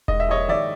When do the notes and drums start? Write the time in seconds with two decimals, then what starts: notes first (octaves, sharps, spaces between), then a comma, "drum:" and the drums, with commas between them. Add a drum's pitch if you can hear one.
0.08 G#2 D#5, drum: kick E1
0.20 E5
0.28 A#1 C#5 D#5
0.48 D#3 D5 E5